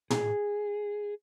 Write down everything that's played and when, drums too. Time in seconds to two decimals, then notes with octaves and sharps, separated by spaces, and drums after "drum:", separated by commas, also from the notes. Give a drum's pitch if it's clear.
0.10 G#4, drum: tom